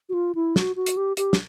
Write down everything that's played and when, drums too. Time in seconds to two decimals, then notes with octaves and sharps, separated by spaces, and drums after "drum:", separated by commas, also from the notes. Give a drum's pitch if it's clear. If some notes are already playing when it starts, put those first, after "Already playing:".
0.09 F#4
0.14 F4
0.35 E4
0.56 F#4, drum: snare
0.76 F#4
0.86 drum: hi-hat
0.97 G4
1.17 G4, drum: hi-hat
1.33 drum: snare